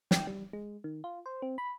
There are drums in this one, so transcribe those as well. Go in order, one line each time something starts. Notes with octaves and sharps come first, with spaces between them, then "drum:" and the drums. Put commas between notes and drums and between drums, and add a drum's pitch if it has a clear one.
G5, drum: snare
G3
G#3
D#3
F4
C5
C4
B5